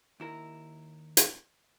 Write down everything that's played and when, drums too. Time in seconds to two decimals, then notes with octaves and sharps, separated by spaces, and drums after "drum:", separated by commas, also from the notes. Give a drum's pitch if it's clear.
0.20 D#2 E4 A#4
1.17 drum: hi-hat